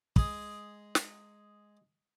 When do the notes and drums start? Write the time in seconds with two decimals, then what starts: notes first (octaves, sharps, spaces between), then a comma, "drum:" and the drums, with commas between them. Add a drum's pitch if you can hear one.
0.16 G#3 G#4, drum: kick
0.95 drum: snare